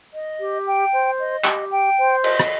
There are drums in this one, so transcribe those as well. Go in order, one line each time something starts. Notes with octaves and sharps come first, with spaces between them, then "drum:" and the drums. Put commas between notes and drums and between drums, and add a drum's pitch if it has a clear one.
D#5
G4
G5
C5
D#5
G4, drum: clap
G5
C5
D#5, drum: cymbal
drum: rim click